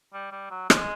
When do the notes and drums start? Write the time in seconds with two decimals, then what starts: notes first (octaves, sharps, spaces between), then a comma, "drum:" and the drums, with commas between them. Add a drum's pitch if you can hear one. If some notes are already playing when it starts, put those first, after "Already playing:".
0.14 G3
0.32 G3
0.50 F#3
0.70 G#3, drum: rim click